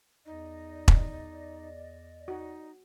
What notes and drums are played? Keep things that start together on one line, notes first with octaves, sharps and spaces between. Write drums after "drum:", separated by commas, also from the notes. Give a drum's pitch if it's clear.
E2 D#4 D5 D#5
drum: kick E1
D#4 F#4